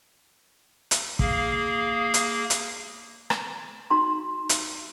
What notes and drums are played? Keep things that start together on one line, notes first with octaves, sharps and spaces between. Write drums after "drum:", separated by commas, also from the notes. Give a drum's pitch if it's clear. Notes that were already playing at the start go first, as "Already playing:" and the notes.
drum: hi-hat
A#3 G#4 F5, drum: kick
drum: hi-hat
drum: hi-hat
drum: rim click
D#4 F#4 A#5 C6
drum: hi-hat